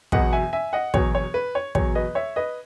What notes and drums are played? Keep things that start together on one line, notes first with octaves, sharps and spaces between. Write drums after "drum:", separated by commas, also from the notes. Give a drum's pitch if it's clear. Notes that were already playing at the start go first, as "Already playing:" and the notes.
E2 B2 F#3 D#5 F#5, drum: kick
E5 G#5
E5 G#5
D#5 F#5
E2 B2 F#3 C#5, drum: kick
C#5
B4
C#5
E2 B2 F#3 C#5, drum: kick
B4 D#5
C#5 E5
B4 D#5